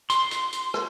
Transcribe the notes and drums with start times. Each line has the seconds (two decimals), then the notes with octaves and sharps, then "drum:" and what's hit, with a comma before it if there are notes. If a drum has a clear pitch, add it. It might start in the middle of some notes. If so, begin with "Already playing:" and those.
0.10 C6, drum: hi-hat
0.31 drum: hi-hat
0.53 drum: hi-hat
0.74 drum: rim click